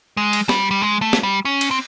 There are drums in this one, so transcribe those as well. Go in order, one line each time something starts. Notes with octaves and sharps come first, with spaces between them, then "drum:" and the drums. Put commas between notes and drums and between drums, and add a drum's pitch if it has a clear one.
G#3
drum: cymbal
G3, drum: snare
G3
G#3
A3
drum: snare
G3
C#4
drum: cymbal
C4